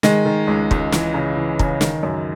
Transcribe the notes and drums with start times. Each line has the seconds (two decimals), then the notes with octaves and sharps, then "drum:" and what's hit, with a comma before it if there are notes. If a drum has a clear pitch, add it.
0.03 D#3 G#3, drum: snare
0.25 D#3
0.47 C#2
0.71 C#2, drum: kick
0.92 E3, drum: snare
1.14 C#3
1.37 E3
1.59 C#3, drum: kick
1.81 D#3, drum: snare
2.03 F#2